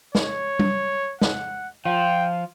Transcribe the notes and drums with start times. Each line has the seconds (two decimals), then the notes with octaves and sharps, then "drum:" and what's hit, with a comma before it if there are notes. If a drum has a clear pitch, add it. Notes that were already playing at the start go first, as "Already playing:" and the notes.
0.15 C#5, drum: snare
0.59 drum: tom
1.21 F#5, drum: snare
1.85 F3 F4 G5